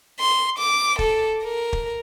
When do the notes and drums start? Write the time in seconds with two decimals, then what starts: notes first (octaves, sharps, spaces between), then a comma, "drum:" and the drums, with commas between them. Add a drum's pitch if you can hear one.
0.20 C6
0.58 D6
0.99 A4, drum: kick
1.43 A#4
1.73 drum: kick